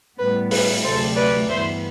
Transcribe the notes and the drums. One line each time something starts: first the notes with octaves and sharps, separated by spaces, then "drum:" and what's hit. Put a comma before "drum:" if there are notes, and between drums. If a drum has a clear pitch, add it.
A2 G3 B3 B4
B4, drum: open hi-hat
D2 C3 F#3 A3 A4 C5
B4 D5
G2 E3 B3 C5 E5